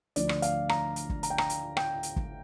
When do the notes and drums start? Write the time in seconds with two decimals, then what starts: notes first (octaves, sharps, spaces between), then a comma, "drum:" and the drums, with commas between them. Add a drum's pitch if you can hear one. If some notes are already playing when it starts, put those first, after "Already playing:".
0.16 D2 D3 F3 D4 D5, drum: hi-hat
0.29 drum: rim click
0.42 F5, drum: hi-hat
0.69 A#5, drum: rim click
0.96 drum: hi-hat
1.09 drum: kick
1.23 A#5, drum: hi-hat
1.30 G5
1.38 A#5, drum: rim click
1.50 drum: hi-hat
1.77 G5, drum: rim click
2.03 drum: hi-hat
2.16 drum: kick